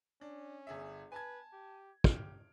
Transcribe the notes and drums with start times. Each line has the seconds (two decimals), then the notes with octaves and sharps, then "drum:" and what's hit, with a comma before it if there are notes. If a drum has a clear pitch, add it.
0.21 C#4 D4
0.67 G1 G#4 E5
1.12 B4 G#5 A5 G#6
1.53 G4
2.04 G4 F6 D7, drum: kick